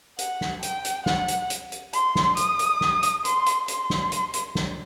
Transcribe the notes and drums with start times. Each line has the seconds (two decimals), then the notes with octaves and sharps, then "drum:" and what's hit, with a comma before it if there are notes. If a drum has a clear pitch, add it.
0.19 F#5, drum: hi-hat
0.41 drum: snare
0.63 G5, drum: hi-hat
0.85 drum: hi-hat
1.06 F#5, drum: snare
1.28 drum: hi-hat
1.50 drum: hi-hat
1.72 drum: hi-hat
1.93 C6, drum: hi-hat
2.15 drum: snare
2.37 D#6, drum: hi-hat
2.59 drum: hi-hat
2.81 drum: snare
3.03 drum: hi-hat
3.25 C6, drum: hi-hat
3.46 drum: hi-hat
3.68 C6, drum: hi-hat
3.90 drum: snare
4.12 drum: hi-hat
4.34 drum: hi-hat
4.55 drum: snare